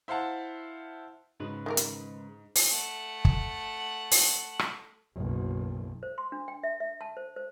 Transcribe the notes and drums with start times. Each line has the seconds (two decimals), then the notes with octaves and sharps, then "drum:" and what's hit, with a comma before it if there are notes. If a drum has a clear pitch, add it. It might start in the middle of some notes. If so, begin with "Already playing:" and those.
0.08 E4 C5 F5 F#5 A5
1.40 G#2 C#3 G#3 B4
1.66 D#3 E3 A#4
1.77 drum: hi-hat
2.56 drum: open hi-hat
2.68 A3 F#5
3.25 drum: kick
4.12 drum: open hi-hat
4.59 drum: rim click
5.15 F#1 B1
6.03 C5
6.18 C6
6.32 D4
6.48 G5
6.63 E5
6.80 E5
7.01 A5
7.17 C5
7.36 C5